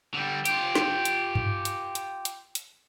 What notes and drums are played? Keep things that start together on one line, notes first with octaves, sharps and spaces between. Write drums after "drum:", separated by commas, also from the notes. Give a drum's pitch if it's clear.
D3 G3
F4 G4, drum: hi-hat
drum: snare
drum: hi-hat
drum: tom G2
drum: hi-hat
drum: hi-hat
drum: hi-hat
drum: hi-hat